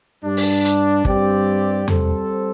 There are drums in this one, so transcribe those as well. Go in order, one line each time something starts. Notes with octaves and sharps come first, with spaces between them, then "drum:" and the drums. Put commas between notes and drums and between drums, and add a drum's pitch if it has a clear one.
G2 G3 D4
drum: open hi-hat
drum: hi-hat
G2 G3 C4 G4 D5, drum: kick
G3 C4 A4 C5, drum: tom E2